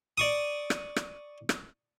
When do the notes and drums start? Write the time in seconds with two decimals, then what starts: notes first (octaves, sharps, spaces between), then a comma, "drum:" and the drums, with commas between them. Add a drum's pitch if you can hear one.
0.18 D5 C#6 D#6
0.70 drum: rim click
0.96 drum: rim click
1.49 drum: rim click